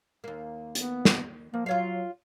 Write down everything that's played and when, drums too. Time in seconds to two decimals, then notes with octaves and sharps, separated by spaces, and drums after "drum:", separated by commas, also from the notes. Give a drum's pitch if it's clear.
0.24 D#2 A#3
0.75 B3, drum: hi-hat
1.05 drum: snare
1.54 F3 A#3
1.66 F#3 F4 C#5 F5